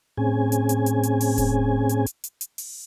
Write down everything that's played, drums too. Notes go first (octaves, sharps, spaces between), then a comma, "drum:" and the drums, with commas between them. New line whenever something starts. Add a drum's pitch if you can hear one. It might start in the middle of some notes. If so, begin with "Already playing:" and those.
A2 C4 C#4 G#4 G#5
drum: hi-hat
drum: hi-hat
drum: hi-hat
drum: hi-hat
drum: open hi-hat
drum: kick E1, hi-hat
drum: hi-hat
drum: hi-hat
drum: hi-hat
drum: hi-hat
drum: open hi-hat